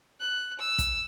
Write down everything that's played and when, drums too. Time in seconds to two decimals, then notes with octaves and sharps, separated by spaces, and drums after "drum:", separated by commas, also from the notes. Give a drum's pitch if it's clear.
0.20 F#6
0.59 E6
0.78 drum: kick, hi-hat